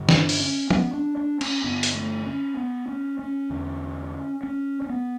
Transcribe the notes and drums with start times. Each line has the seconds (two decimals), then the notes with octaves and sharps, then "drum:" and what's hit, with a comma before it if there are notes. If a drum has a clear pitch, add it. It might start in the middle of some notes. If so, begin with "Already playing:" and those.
Already playing: G2 D3
0.09 D4, drum: snare
0.29 drum: open hi-hat
0.40 C#4
0.70 B3, drum: tom
0.94 D4
1.17 D4
1.41 C#4, drum: cymbal
1.64 G2 D3 B3
1.83 drum: hi-hat
1.95 A3
2.26 C#4
2.57 B3
2.88 C#4
3.19 C#4
3.50 E2 D3
4.43 C#4
4.82 C#4
4.90 B3